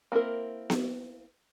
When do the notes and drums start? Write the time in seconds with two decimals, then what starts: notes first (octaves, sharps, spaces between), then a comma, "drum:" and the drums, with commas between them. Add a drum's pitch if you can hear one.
0.12 A#3 C4 E4 A#4
0.70 drum: snare B3